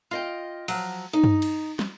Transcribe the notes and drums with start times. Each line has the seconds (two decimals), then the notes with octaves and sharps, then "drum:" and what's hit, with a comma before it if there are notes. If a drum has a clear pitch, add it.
0.11 F4 D#5 G5
0.68 F3 F#3, drum: cymbal
1.13 D#4
1.24 drum: tom G2
1.42 drum: cymbal
1.79 drum: snare